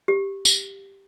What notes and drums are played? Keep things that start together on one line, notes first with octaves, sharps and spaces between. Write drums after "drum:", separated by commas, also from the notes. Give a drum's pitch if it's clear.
G4
drum: tambourine